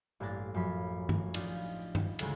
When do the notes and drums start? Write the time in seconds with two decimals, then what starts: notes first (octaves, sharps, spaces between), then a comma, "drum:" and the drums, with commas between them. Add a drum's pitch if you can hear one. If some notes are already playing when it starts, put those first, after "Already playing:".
0.20 A1 G2 A#3 D4 A#4 A6
0.54 F#2 F3 B5 B6
1.09 drum: tom
1.34 D4 D#4 F4, drum: cymbal
1.95 drum: tom
2.19 D2 C#3 G#3, drum: cymbal